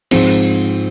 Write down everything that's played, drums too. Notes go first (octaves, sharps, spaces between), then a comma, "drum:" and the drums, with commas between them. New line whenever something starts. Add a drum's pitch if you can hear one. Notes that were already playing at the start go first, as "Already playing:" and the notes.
G#2 F3 C4, drum: cymbal